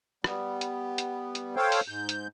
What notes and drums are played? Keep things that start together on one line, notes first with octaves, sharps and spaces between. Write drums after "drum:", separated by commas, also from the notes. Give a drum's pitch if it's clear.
G3 B3, drum: rim click
drum: hi-hat
drum: hi-hat
drum: hi-hat
A4 C5 C#5 F5 G5
drum: open hi-hat
G#2 G6
drum: hi-hat